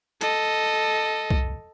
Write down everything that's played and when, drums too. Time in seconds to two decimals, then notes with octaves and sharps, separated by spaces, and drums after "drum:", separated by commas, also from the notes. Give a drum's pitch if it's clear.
0.21 A4 D#5, drum: hi-hat
1.30 drum: kick